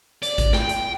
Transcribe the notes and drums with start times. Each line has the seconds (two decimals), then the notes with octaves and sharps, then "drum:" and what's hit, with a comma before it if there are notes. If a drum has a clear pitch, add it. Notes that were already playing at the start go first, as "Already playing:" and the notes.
0.23 D5, drum: hi-hat
0.38 drum: kick G#1, hi-hat
0.53 G5, drum: snare
0.69 drum: hi-hat